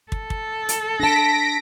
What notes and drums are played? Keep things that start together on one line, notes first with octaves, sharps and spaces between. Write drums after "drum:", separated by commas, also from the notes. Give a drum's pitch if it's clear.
A4, drum: kick
drum: kick
drum: hi-hat
D4 A5 A#6 B6 D7